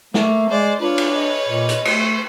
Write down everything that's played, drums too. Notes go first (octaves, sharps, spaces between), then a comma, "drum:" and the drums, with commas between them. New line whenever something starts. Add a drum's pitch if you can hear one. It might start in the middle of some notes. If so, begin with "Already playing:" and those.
A3 A#3 E5, drum: snare
G#3 C5 D5
D4 F4 B4 C#5
drum: cymbal
D#5
A#2 D#5
drum: hi-hat
A3 C5, drum: cymbal